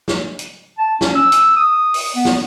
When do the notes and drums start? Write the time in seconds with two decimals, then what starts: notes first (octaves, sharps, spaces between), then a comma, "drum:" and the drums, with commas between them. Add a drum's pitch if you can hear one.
0.08 drum: snare
0.39 drum: hi-hat
0.78 A5
1.01 C#4, drum: snare
1.15 E6
1.32 drum: hi-hat
1.56 D#6
1.94 drum: open hi-hat
2.16 B3
2.25 drum: snare